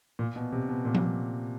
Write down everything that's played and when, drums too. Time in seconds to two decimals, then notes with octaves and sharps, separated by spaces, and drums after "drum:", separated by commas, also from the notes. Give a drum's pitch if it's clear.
0.19 A#2
0.36 B2
0.52 C3
0.69 B2
0.85 A#2
0.94 drum: tom F3